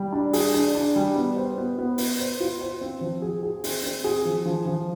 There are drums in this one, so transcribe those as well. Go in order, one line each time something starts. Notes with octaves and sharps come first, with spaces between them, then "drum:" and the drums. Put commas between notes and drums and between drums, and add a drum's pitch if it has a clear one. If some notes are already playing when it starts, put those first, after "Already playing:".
Already playing: G3
D4
G#4, drum: open hi-hat
D4
D4
G3
B3
C5
B3
B3
B3, drum: open hi-hat
C5
F4
C5
C4
F3
G#4
G#4
C4, drum: open hi-hat
C4
G#4
F3
F3
F3